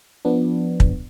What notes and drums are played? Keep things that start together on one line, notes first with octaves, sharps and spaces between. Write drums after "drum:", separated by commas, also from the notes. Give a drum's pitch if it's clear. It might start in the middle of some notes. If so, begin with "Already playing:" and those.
F3 B3 D4
drum: kick